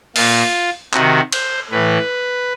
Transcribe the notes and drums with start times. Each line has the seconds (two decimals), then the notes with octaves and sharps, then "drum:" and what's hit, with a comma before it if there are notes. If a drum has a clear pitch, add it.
0.16 A#2 F4, drum: open hi-hat
0.94 C3 D#3 F#4, drum: clap
1.32 C5, drum: cymbal
1.71 A2 E3 B4